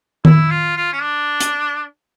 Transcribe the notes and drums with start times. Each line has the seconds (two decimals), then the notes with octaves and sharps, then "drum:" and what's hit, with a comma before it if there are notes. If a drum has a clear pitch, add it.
0.25 E4, drum: tom D#3
0.50 F4
0.76 F4
0.92 C#4
1.02 D4
1.40 drum: hi-hat